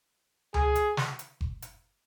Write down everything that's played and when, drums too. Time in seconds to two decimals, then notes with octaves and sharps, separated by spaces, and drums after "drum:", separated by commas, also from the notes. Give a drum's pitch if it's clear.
0.54 G#4, drum: tom C#2
0.75 drum: hi-hat
0.97 drum: snare
1.19 drum: hi-hat
1.41 drum: kick F#1
1.62 drum: hi-hat